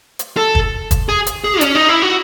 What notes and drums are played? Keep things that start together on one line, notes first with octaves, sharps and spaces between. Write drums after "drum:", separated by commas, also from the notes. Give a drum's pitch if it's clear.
drum: hi-hat
A4
drum: kick
drum: kick, hi-hat
G#4
drum: hi-hat
G#4
C#4, drum: hi-hat
D#4
E4
F#4